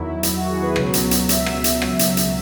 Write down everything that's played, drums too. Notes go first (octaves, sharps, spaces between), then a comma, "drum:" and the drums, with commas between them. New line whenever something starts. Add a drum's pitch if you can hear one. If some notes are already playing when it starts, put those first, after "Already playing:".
Already playing: E2 D#3 F#3 E4
drum: hi-hat
F#4
G#4
B4
C#2 B2 F#3, drum: rim click
drum: hi-hat
drum: hi-hat
E5, drum: hi-hat
drum: rim click
drum: hi-hat
drum: rim click
drum: hi-hat
drum: hi-hat